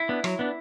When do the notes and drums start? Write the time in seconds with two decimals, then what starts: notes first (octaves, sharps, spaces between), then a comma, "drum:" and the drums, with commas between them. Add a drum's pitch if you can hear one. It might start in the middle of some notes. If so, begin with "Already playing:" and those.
Already playing: E4
0.09 B3 D4
0.24 F#3, drum: rim click
0.39 B3 D4